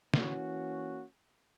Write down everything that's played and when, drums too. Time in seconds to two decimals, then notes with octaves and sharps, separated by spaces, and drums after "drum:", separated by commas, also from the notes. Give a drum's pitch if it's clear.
0.14 E3 A#3 C#4 F#4, drum: snare